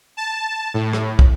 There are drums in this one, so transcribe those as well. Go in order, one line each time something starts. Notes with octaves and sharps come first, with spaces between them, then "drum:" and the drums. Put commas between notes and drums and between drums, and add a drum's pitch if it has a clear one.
A5
A2
drum: rim click
drum: kick